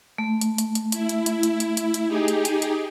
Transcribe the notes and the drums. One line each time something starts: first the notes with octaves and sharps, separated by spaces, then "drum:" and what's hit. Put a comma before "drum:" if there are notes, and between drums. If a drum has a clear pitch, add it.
A3
drum: hi-hat
drum: hi-hat
drum: hi-hat
E4, drum: hi-hat
drum: hi-hat
drum: hi-hat
drum: hi-hat
drum: hi-hat
drum: hi-hat
drum: hi-hat
D#4 G4 G#4
drum: hi-hat
drum: hi-hat
drum: hi-hat